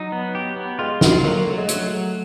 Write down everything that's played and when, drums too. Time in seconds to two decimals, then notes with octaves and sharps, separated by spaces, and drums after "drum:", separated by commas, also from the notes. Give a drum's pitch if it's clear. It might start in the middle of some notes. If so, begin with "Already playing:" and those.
Already playing: F#3 D#4
0.12 B3
0.35 G4
0.57 B3
0.79 G#3 F4
1.01 A3 F4, drum: snare
1.24 F#3 A#3
1.47 F#3 A3
1.57 G#3
1.69 F#3 A3, drum: hi-hat
1.90 F#3